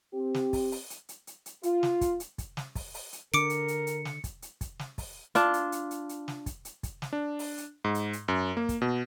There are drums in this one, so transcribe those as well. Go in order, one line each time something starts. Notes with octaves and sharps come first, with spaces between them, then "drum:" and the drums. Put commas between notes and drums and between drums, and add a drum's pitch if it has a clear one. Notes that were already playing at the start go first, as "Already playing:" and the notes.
C4 G4
drum: snare
drum: kick, open hi-hat
drum: open hi-hat
drum: hi-hat
drum: hi-hat
drum: hi-hat
drum: hi-hat
F4, drum: hi-hat
drum: snare
drum: kick, hi-hat
drum: hi-hat
drum: kick, hi-hat
drum: snare
drum: kick, open hi-hat
drum: open hi-hat
drum: hi-hat
D3 A#4 D6 C#7 D7, drum: hi-hat
drum: hi-hat
drum: hi-hat
drum: hi-hat
drum: snare
drum: kick, hi-hat
drum: hi-hat
drum: kick, hi-hat
drum: snare
drum: kick, open hi-hat
D4 F4, drum: hi-hat
drum: hi-hat
drum: hi-hat
drum: hi-hat
drum: hi-hat
drum: snare
drum: kick, hi-hat
drum: hi-hat
drum: kick, hi-hat
drum: snare
D4
drum: open hi-hat
drum: hi-hat
G#2
drum: hi-hat
drum: hi-hat
F#2
A#3
drum: kick, hi-hat
B2